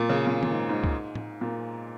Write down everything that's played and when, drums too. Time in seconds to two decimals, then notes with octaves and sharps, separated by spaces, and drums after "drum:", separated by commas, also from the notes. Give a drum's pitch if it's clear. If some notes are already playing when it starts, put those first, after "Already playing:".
Already playing: A#2
0.09 C#3
0.27 A#2
0.43 A#2, drum: tom D#3
0.51 G#2
0.69 G#2
0.84 drum: kick
1.15 drum: tom
1.41 A#2